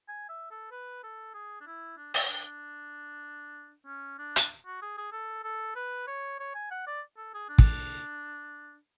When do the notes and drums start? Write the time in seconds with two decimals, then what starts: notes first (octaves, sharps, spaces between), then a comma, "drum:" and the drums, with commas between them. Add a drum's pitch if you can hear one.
0.08 G#5
0.29 E5
0.51 A4
0.72 B4
1.03 A4
1.34 G#4
1.61 D4
1.67 E4
1.97 D4
2.14 F#4, drum: open hi-hat
2.29 D4
2.45 D4
3.86 C#4
4.19 D4
4.36 drum: hi-hat
4.66 F#4
4.82 G#4
4.98 G#4
5.12 A4
5.44 A4
5.76 B4
6.07 C#5
6.40 C#5
6.55 G#5
6.71 F#5
6.87 D5
7.17 A4
7.34 G#4
7.49 D4
7.58 drum: kick